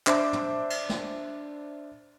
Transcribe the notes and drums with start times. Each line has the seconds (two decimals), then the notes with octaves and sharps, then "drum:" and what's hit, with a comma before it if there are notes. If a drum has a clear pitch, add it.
0.07 D4 C5 E5 D6, drum: clap
0.33 drum: tom
0.70 drum: cymbal
0.90 drum: snare